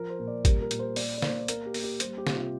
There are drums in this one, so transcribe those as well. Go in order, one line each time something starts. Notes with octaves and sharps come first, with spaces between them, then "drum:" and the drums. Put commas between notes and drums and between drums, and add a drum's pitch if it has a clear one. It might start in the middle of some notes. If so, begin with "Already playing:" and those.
Already playing: F3 A#4
C5
A#2
D5
G3 A#4, drum: kick, hi-hat
A#4
A#2, drum: hi-hat
C5
A#3 D5, drum: open hi-hat
D5
A#3 C5, drum: snare
A#3 A#4, drum: hi-hat
G4
A#3, drum: open hi-hat
G4
G3 C5, drum: hi-hat
G4
C3, drum: snare
F4